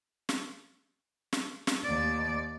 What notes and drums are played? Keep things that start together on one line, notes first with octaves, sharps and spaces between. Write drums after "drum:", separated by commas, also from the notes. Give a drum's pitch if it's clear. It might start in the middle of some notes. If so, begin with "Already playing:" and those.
drum: snare
drum: snare
drum: snare
D#2 D5